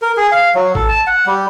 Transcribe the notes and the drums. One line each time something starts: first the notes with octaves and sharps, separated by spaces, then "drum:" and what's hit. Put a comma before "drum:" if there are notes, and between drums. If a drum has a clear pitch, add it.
A#4
G#4
F5
F#3
A4, drum: kick G#1
A5
F#5
G3